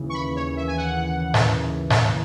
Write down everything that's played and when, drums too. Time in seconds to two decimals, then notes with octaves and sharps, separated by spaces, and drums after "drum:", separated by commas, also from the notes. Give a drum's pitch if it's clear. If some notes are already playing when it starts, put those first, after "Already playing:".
Already playing: D#2 C#3 E3
0.09 C#6
0.14 B5
0.36 C#5
0.57 E5
0.68 G#5
0.77 F#5
1.34 drum: snare G#2
1.90 drum: snare G#2